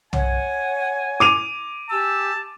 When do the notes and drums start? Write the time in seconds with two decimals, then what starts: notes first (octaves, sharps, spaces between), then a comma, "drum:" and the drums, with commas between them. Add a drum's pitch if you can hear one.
0.13 C#5 F#5 G#5, drum: tom B1
1.20 D6 D#7 F7
1.90 G4 G#5 A5 E6